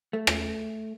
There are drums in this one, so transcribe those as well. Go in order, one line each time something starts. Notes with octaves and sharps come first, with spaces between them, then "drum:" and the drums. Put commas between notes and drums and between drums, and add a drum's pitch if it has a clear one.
A3
drum: rim click